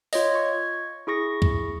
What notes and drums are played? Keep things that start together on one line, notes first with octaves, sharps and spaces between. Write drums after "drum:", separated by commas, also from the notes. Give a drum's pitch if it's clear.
F4 C#5 D#5, drum: open hi-hat
C#6 G#6
E4 G#4 C#6 A#6
drum: kick C#2